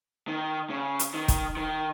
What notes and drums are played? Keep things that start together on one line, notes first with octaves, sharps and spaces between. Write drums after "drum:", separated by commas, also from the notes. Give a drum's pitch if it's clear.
D#3
C#3
drum: hi-hat
D#3
drum: kick, hi-hat
D#3